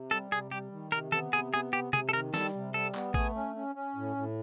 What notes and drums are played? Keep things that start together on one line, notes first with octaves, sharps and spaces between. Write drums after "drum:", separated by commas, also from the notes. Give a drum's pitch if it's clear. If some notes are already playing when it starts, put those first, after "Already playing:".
Already playing: C3
G3 A4
C3 G#4
G3 G4
D#3
C3 A#4
B3 A4, drum: tom D#3
C3 G#4
B3 G#4
C3 G4
C3 G#4, drum: tom C3
A4
D#3 A#4
G3 A4, drum: snare
C3
G3 A4
B3, drum: clap
A3 G#4, drum: kick A1
C#4
C#4
C#4
A2
A2